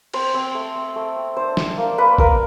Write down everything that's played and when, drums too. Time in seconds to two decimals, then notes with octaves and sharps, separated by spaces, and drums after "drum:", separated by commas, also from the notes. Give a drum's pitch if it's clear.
0.14 C4 C5, drum: cymbal
0.34 C4
0.55 A3
0.75 C4
0.96 A3
1.16 C4
1.37 D4 C5
1.57 D4, drum: snare
1.78 A#3
1.98 A#3 B4
2.18 A#3 A#4, drum: kick A1